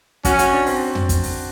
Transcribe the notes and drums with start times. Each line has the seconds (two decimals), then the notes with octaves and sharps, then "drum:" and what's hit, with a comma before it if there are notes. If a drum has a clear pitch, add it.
0.25 C#4 F#4, drum: kick, hi-hat
0.39 F#4, drum: hi-hat
0.53 D4
0.66 C4, drum: open hi-hat
0.95 drum: tom
1.09 drum: kick, hi-hat
1.23 drum: open hi-hat